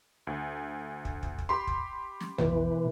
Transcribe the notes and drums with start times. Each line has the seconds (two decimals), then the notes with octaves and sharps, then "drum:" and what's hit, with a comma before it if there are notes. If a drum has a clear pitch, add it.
0.27 D2
1.05 drum: kick
1.23 drum: kick
1.38 drum: kick
1.49 G4 B5 C6
1.67 drum: kick
2.20 drum: snare
2.38 B2 E3, drum: tom